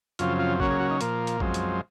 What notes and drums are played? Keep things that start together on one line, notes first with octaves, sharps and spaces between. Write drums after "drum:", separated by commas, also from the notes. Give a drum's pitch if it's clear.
F#2 C#3 F3 C4 F4, drum: hi-hat
F4
C#3 F#3 A#3 C#4 F#4, drum: kick
G#4
F#4
D#4
A#2 F3 A#3, drum: hi-hat
drum: hi-hat
F#2 F3 G#3 C4, drum: kick
drum: hi-hat